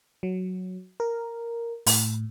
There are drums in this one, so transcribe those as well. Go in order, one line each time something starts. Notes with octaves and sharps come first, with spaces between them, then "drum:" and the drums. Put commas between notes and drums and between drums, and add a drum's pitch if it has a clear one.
F#3
A#4
A2, drum: open hi-hat